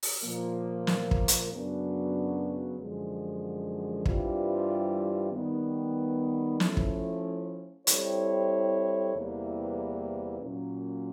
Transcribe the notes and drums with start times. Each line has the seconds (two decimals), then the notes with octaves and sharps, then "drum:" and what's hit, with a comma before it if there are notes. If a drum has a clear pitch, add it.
0.03 drum: open hi-hat
0.24 A#2 F3 A#3
0.87 drum: snare
1.11 drum: kick
1.28 drum: hi-hat
1.51 F#2 C#3 F#3 B3 D4
2.79 F#2 D3 F3 G#3
4.06 G2 E3 G3 C4 F4, drum: kick
5.33 D#3 G3 B3
6.60 F3 A3 C#4 E4, drum: snare
6.77 drum: kick
7.87 G3 C4 E4 A4 C#5, drum: hi-hat
9.14 E2 C3 E3 G3 A#3
10.41 A#2 F#3 A#3 C#4